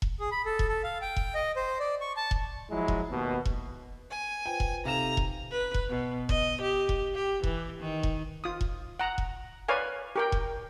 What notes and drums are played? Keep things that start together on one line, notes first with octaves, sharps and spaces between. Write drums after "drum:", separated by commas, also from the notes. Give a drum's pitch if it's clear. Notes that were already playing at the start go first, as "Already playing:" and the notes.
drum: kick E1
G#4
B5
A4
drum: kick E1
A4
F5
G5
drum: kick E1
D#5
C5
D5
C#6
A5
drum: kick E1
F3 F#3 G#3 E4
drum: kick E1
D#2 B2
drum: kick E1
G#5
F4 B4 C5 G5
drum: kick E1
C3 D#4 G4 A4 F5 A#5 E7
drum: kick E1
B4
drum: kick E1
B2
D#5, drum: kick E1
G4
drum: kick E1
G4
E3, drum: kick E1
D#3
drum: kick E1
F4 D#6
drum: kick E1
F#5 A#5
drum: kick E1
B4 C#5 D5 F5 G#5
G4 A#4 G5
drum: kick E1